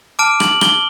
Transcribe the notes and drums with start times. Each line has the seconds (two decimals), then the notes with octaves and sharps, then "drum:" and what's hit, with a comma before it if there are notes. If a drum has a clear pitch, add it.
0.19 A5 D6 F6 D7
0.40 F#7, drum: rim click
0.61 G7, drum: rim click